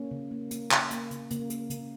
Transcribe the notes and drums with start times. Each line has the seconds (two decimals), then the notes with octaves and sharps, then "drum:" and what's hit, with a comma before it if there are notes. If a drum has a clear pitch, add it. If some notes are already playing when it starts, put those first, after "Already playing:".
Already playing: A#3 C#4
0.11 C#3
0.31 A#3
0.51 A#3, drum: hi-hat
0.71 C#3, drum: clap
0.91 A#3, drum: hi-hat
1.11 C#3, drum: hi-hat
1.31 C#3 A#3, drum: hi-hat
1.50 A#3, drum: hi-hat
1.70 C#3, drum: hi-hat